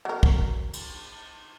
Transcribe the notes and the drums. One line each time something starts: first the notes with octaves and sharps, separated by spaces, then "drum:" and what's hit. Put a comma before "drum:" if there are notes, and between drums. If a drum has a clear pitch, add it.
F#3 A#4
drum: kick
drum: cymbal